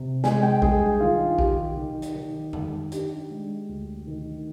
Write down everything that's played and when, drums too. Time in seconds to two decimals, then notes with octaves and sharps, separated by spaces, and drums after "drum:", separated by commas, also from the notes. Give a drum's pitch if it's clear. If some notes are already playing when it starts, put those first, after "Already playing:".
Already playing: C3
0.24 G#3 G#5, drum: snare
0.43 G5
0.62 G2 G#4, drum: kick A#1
1.00 D#3 F4
1.39 D#3 G4, drum: kick A#1
1.77 D#3
2.02 drum: hi-hat
2.15 D#3
2.53 D#3, drum: tom F2
2.92 D4 G4, drum: hi-hat
3.30 G#3
3.69 D2
4.07 D#3